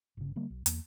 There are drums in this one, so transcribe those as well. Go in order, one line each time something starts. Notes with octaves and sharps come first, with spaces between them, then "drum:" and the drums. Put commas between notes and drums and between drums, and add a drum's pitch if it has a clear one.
G1 C#3
D3 G3 A#3 B3
B1
E2 A#3, drum: hi-hat